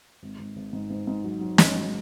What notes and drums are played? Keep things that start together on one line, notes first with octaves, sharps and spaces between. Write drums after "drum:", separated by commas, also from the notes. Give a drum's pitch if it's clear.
G#1
G#1
G#1
G#2
G#2
G#2
F#3
F#3
G#1 G#3, drum: snare
F#3